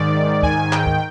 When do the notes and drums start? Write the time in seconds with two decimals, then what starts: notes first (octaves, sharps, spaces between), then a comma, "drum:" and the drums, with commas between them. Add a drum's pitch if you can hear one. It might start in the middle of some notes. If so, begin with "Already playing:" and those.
Already playing: G#2 D#3 D5
0.43 G#5, drum: kick
0.72 G5, drum: clap
0.87 drum: kick